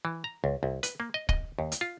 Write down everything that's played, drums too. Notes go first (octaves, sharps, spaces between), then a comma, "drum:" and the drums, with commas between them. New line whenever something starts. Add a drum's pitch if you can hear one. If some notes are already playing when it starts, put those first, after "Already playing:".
E3
A#5
C#2
C2
B4, drum: hi-hat
A#3
D#5
D#5, drum: kick
D#2
drum: hi-hat
F4